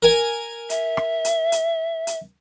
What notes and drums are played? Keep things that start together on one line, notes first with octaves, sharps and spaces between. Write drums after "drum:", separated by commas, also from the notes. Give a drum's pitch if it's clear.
A#4 G#5
E5, drum: hi-hat
drum: rim click
drum: hi-hat
drum: hi-hat
drum: hi-hat